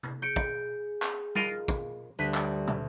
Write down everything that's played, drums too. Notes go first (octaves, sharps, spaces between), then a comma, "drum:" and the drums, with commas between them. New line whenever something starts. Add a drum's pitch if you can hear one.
drum: tom C3
G#4 G6 C#7 D7
drum: kick
drum: clap
F4 A#4 D#5, drum: tom G3
drum: kick
D2 G3 B4
drum: clap
drum: tom